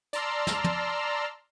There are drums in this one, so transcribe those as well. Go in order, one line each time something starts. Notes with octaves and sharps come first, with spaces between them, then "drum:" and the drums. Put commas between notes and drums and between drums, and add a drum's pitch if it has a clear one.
D5 A5 A#5 C6 E6 F6, drum: hi-hat
drum: snare
drum: tom